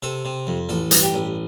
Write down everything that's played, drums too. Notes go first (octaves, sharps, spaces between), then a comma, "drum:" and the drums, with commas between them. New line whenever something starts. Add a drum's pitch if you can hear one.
C3 A4
C3
F2
A1 A4
G2, drum: hi-hat
G4
A1